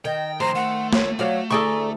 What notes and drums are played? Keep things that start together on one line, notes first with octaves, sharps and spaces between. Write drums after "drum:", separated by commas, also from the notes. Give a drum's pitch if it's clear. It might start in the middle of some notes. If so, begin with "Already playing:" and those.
D#3 D#5 G5
A2 F3 C5 A#5
A3 F#5
C#5, drum: snare
F#3 F#4 C#5 D5 F5
D2 E4 G#4 A4 D5 A#5 C#6